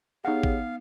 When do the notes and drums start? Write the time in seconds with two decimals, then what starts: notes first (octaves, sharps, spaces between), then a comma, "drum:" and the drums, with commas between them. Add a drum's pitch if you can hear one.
0.25 B3 D#4 G4 G#4 C#5 F5 F#5
0.43 drum: kick